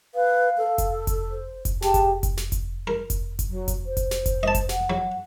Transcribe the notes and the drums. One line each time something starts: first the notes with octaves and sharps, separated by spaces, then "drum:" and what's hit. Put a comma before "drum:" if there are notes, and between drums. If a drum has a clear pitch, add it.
B4 F5
A4
drum: kick F1, hi-hat
drum: kick F1, hi-hat
C5
drum: kick F1, hi-hat
G4 G#4 A5, drum: snare
drum: kick F1, hi-hat
drum: kick F1, hi-hat
drum: snare
drum: kick F1, hi-hat
A#4
drum: kick F1, hi-hat
drum: kick F1, hi-hat
F#3
drum: kick F1, hi-hat
C5
drum: kick F1, hi-hat
drum: snare
drum: kick F1, hi-hat
D#5 A5
drum: kick F1, hi-hat
F#5, drum: snare
F#3